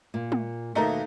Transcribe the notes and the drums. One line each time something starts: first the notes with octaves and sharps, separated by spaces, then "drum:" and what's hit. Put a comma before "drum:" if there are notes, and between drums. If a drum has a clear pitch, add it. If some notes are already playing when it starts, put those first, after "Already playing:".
A#2
drum: tom
D#2 B2 A3 D#4 A#4